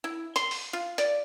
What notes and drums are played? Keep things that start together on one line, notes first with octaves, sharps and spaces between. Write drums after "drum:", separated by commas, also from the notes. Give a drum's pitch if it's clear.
E4
C6, drum: hi-hat
drum: open hi-hat
F4
D5, drum: hi-hat